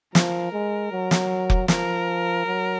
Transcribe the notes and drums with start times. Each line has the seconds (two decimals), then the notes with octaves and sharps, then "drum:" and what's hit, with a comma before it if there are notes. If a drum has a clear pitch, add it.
0.15 F3 A#4, drum: snare
0.53 G#3
0.92 F#3
1.11 drum: snare
1.50 drum: kick F1
1.68 F3 A#4, drum: snare
2.46 F#3